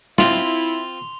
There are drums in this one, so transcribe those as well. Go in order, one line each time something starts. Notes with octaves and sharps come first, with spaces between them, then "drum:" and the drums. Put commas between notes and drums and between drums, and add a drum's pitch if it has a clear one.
C4 E4 F4 C6 F7 G7, drum: snare